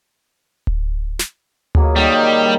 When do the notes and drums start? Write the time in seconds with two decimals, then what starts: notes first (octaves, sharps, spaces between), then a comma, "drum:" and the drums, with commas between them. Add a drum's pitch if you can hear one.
0.67 drum: kick D1
1.19 drum: snare
1.75 C#3 F#3 A#3, drum: tom D2
1.96 D#3 G3 A#3 D#4